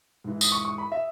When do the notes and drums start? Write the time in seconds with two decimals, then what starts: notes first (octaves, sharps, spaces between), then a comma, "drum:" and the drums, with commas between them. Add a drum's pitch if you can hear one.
0.24 G#2 E3
0.41 D#6, drum: tambourine
0.52 C#6
0.65 C#6
0.78 B5
0.92 E5